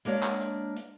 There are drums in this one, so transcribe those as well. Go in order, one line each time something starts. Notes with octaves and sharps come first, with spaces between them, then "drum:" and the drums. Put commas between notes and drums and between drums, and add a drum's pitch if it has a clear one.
G#3 A#3 D4 C#5 D5, drum: hi-hat
drum: clap
drum: hi-hat
drum: hi-hat